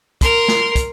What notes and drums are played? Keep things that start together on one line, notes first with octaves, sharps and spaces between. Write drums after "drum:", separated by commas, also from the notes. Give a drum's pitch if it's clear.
A#4 C6, drum: kick, hi-hat
drum: snare
drum: kick, hi-hat